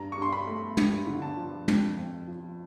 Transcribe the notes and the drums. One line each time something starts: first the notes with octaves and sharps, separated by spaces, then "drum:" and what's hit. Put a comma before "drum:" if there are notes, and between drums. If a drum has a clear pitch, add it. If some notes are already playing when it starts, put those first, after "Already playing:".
Already playing: G2 A#5
C#6
G2 C6
B5
A3
G2, drum: tom
D3
A5
F3
F2, drum: tom
F2
F3